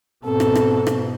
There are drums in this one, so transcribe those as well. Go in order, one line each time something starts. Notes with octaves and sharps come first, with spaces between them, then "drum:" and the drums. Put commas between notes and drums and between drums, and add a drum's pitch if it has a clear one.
G#2 B2 C4 A4
drum: rim click
drum: rim click
drum: rim click